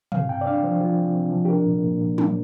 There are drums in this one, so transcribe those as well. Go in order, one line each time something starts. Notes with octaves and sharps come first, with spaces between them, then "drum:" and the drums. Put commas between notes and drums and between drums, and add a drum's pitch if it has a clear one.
C3 F5, drum: tom
C3 G5
D5
D4 F5
F3 C5
F3 F4
C3
C3
F3
G4
D4 A#4
A#2
A#2
A#2
A#2, drum: tom